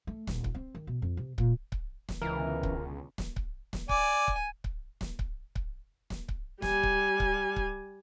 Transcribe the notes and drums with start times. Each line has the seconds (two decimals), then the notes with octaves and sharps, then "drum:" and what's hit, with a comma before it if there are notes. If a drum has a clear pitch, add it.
0.07 A3
0.27 D#1, drum: snare
0.44 drum: kick C#1
0.54 C4
0.75 D#3
0.87 B2
1.02 F2
1.17 C3
1.38 A#2, drum: kick C#1
1.72 drum: kick C#1
2.09 drum: snare
2.22 C#2 B2 D3 E3 C#4 A#4
2.63 drum: kick C#1
3.18 drum: snare
3.36 drum: kick C#1
3.73 drum: snare
3.89 D5 G#5, drum: kick C#1
4.28 drum: kick C#1
4.64 drum: kick C#1
5.01 drum: snare
5.19 drum: kick C#1
5.56 drum: kick C#1
6.10 drum: snare
6.29 drum: kick C#1
6.62 G3 G#5, drum: snare
6.83 drum: kick C#1
7.20 drum: kick C#1
7.56 drum: kick C#1